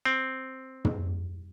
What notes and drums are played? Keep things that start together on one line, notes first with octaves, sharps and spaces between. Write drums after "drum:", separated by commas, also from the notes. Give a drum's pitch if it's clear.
C4
drum: tom